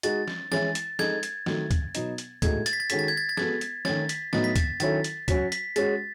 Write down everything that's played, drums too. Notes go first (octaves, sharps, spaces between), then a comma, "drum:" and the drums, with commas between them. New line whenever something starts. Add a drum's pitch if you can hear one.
G#3 D#4 F#4 A6, drum: hi-hat
drum: snare
E3 G#3 C#4 E4 A6, drum: snare
drum: hi-hat
G#3 D#4 A4 G#6, drum: snare
drum: hi-hat
D#3 F#3 A3, drum: snare
drum: kick, hi-hat
B2 F#3 B3 D#4, drum: hi-hat
drum: hi-hat
A2 G#3 D#4 F#4 A4 G#6, drum: kick, hi-hat
A6, drum: hi-hat
B6
A6
D#3 G#3 C#4 F#4 A4 B6, drum: hi-hat
A6
G#6
A6
A6
G#3 B3 F#4 A4 G#6, drum: snare
drum: hi-hat
D#3 A3 C#4 A6, drum: snare
B6, drum: hi-hat
A2 F#3 B3 D#4 A6, drum: snare
B6
A6, drum: kick, hi-hat
D#3 F#3 C#4 E4 A4 A6, drum: hi-hat
drum: hi-hat
F#3 C#4 F#4 B6, drum: kick, hi-hat
B6, drum: hi-hat
G#3 C#4 F#4 A6, drum: hi-hat